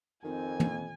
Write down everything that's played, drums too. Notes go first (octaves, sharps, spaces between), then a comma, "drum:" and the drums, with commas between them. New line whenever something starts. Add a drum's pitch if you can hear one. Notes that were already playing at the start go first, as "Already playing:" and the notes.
F2 D#3 C4 G#5
drum: tom